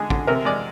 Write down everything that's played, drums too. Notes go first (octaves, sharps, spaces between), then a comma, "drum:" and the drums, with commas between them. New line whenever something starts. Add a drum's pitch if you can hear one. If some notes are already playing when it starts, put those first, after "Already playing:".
Already playing: D3 G#3 G#4
D3, drum: kick
C3 A#4
G#3 D5